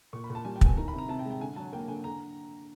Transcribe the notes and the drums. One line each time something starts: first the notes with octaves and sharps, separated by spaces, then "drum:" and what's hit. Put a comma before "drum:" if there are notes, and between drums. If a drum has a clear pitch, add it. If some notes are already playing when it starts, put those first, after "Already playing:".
A#2 C#6
B5
A#2
A5
G3 G#5
G5
B3 G#5, drum: kick
D#3 A#5
B5
C3
A#5
C3 A5
G5
G#3
G5
D3 G#5
F#3 A5
A#3 G5
D3 G#5
D3 A#5